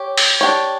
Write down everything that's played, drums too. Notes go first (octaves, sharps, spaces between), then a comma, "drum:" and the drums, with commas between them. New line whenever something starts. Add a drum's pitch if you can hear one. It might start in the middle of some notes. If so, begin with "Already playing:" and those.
Already playing: G4 C#5
drum: open hi-hat
D4 G4 C#5